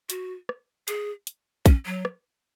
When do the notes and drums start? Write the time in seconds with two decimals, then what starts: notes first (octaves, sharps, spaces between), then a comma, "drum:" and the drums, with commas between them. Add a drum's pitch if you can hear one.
0.10 F#4, drum: hi-hat
0.49 drum: rim click
0.88 G#4, drum: hi-hat
1.27 drum: hi-hat
1.66 C#4, drum: kick, hi-hat
1.86 F#3
2.05 drum: rim click